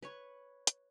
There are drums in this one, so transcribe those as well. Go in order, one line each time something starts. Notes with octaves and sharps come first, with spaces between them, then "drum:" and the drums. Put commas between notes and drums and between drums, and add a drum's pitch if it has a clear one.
B4 C#5 C#6
drum: hi-hat